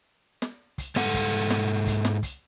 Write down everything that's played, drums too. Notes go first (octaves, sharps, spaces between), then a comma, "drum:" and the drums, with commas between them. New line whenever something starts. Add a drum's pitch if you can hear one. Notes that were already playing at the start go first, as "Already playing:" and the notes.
drum: snare
drum: kick, hi-hat
G#2 A4 F#5, drum: snare
drum: kick, hi-hat
drum: snare
drum: kick, hi-hat
drum: snare
drum: kick, hi-hat